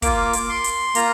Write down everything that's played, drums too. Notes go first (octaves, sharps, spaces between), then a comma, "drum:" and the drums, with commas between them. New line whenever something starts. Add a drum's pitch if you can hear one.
A#3 F4 D6, drum: kick, hi-hat
drum: hi-hat
C6
drum: hi-hat
A#3 F4 A#5, drum: hi-hat